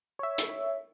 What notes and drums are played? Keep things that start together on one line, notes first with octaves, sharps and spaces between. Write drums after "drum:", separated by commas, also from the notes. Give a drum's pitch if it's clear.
C#5 E5
drum: hi-hat